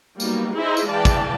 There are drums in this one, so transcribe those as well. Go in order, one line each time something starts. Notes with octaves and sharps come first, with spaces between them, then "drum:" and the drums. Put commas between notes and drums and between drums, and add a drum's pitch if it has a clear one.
F#3 G3 A#3 B3 D#4, drum: tambourine
D#4 E4 G#4 C5 D#5 E5
drum: tambourine
E3 G#3 D5 F5 G5 A5
drum: kick, tambourine